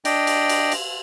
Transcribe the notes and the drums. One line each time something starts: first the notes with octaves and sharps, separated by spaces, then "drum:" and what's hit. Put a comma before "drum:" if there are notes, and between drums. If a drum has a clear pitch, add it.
D4 D#5 G5, drum: cymbal
drum: cymbal
drum: cymbal
drum: cymbal